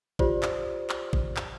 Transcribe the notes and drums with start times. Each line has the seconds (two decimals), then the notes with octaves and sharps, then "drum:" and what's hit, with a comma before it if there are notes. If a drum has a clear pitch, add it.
0.19 F4 G4 C5 D5, drum: kick
0.43 drum: clap
0.90 drum: clap
1.13 drum: kick
1.36 drum: clap